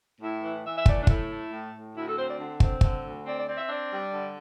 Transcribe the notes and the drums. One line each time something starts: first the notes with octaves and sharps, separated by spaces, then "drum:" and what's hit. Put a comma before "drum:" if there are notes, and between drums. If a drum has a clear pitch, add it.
A2 E4
E3
E3 E5
E5
A3 D5, drum: kick
D4
A2 E4, drum: kick
A3
A2
A2
D2 E4
A4
C4 C5
D5
D3
C4, drum: kick
D3, drum: kick
D2
C4 D5
D5
C4 D5
E5
D4 D5
G3
D3